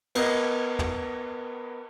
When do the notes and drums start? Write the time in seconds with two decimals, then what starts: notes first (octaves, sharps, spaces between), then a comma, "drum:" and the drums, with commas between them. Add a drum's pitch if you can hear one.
0.15 B3 A#4 D#5, drum: cymbal
0.79 drum: tom